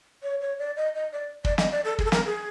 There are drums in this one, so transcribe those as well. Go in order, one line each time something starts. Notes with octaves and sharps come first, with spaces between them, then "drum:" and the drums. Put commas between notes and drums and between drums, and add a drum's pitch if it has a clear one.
C#5
C#5
D5
D#5
D#5
D5
D5, drum: kick
D#5, drum: snare
D5
A4
G#4, drum: kick
A4
A#4, drum: snare
G#4